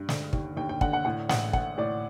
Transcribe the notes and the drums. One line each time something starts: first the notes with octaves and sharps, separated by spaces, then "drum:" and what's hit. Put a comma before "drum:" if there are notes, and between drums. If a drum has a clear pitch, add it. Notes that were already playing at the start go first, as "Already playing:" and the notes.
Already playing: G2
D3, drum: snare
D#2, drum: kick
D#2 G5
G5
D3 F#5, drum: kick
F#5
A2 F#5
A1 F#5, drum: snare
A1 F#5, drum: kick
A2 D5